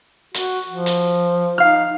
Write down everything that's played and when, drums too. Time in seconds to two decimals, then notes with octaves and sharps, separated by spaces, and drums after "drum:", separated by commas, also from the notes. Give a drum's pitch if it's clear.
0.34 F#4, drum: hi-hat
0.69 F3
0.86 drum: hi-hat
1.58 D#4 F5 F6